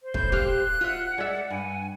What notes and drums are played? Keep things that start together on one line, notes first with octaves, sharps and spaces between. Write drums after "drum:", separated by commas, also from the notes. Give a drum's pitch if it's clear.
C5
A2 G6, drum: kick
G4 F5 F#6, drum: kick
F4 E5 F#5
G#3 D5 E5
G2 G#5